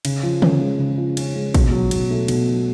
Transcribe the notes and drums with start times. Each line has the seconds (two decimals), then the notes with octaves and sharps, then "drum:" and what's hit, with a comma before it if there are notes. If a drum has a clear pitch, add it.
0.05 C#3, drum: cymbal
0.23 F3
0.42 C#4, drum: tom
0.60 G#3
0.79 C#3
0.98 F3
1.17 C#4, drum: cymbal
1.35 G#3
1.54 B2, drum: kick, cymbal
1.72 F#3
1.91 B2, drum: cymbal
2.11 A3
2.28 B2, drum: cymbal
2.48 F#3